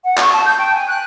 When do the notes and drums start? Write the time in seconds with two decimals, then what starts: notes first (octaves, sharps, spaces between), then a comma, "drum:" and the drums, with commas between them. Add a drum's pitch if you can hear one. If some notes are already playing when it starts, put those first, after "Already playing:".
0.04 F#5
0.17 C#6, drum: clap
0.32 A5
0.44 G6
0.57 G5
0.74 G#5
0.87 F#6